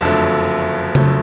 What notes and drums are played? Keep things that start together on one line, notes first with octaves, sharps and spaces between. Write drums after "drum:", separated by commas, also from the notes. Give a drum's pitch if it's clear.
F#1 F2 D3 F#3 A3 A5
F#1 F2 D3 F#3 A3, drum: tom C#3